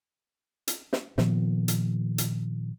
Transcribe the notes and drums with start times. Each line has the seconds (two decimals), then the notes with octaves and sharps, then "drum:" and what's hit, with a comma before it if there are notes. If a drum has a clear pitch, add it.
0.68 drum: hi-hat
0.93 drum: snare
1.18 A#2 D#3 F3 B3, drum: snare
1.68 drum: hi-hat
2.18 drum: hi-hat